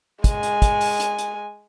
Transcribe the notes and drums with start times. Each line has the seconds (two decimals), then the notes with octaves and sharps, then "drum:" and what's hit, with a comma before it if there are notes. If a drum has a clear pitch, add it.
0.24 G#3 G#5, drum: kick, hi-hat
0.43 drum: hi-hat
0.62 drum: kick, hi-hat
0.81 drum: open hi-hat
1.00 drum: hi-hat
1.18 drum: hi-hat